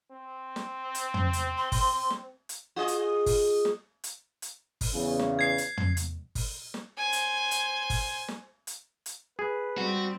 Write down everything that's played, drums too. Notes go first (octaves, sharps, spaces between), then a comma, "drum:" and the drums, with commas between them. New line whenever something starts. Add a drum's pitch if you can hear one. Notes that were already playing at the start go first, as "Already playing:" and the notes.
C4
drum: snare
drum: hi-hat
drum: tom
drum: hi-hat
C6
drum: kick, open hi-hat
drum: snare
drum: hi-hat
F4 G#4 D#5
drum: hi-hat
drum: kick, open hi-hat
drum: snare
drum: hi-hat
drum: hi-hat
drum: kick, open hi-hat
E2 C#3
drum: snare
G#6 C7
drum: hi-hat
drum: tom
drum: hi-hat
drum: kick, open hi-hat
drum: snare
C5 G#5
drum: hi-hat
drum: hi-hat
drum: kick, open hi-hat
drum: snare
drum: hi-hat
drum: hi-hat
G#4 B4
G3 C4 F#4